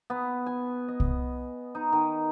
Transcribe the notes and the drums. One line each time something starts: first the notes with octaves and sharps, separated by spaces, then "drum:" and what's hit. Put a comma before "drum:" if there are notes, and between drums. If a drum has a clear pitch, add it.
B3
G#5
D#5
drum: kick C2
D#4
D#3